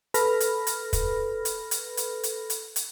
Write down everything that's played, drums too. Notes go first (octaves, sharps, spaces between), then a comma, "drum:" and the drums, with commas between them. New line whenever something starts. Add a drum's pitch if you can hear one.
A4 B4 B5 F6 A#6, drum: hi-hat
drum: hi-hat
drum: hi-hat
drum: kick, hi-hat
drum: hi-hat
drum: hi-hat
drum: hi-hat
drum: hi-hat
drum: hi-hat
drum: hi-hat